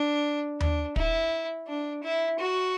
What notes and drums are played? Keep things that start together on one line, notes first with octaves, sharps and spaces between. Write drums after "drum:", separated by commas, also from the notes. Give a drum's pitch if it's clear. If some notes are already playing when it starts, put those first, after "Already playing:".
Already playing: D4
D4, drum: tom D#2
E4, drum: kick
D4
E4
F#4